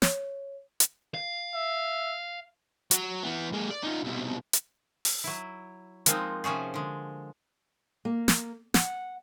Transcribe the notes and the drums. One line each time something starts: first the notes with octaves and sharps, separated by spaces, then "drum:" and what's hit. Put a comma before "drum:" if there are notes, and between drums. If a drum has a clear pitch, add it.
C#5, drum: snare
drum: hi-hat
F5
E5
F#3, drum: hi-hat
E3 B3
G#3 A#3
D5
D#4 F4
C2 B2
drum: hi-hat
drum: open hi-hat
F#3 E4
F3 G#3 A#3 C4 D#4, drum: hi-hat
C3 F3 C#4 F#4 G#4
D3 G#3
A#3
drum: snare
F#5, drum: snare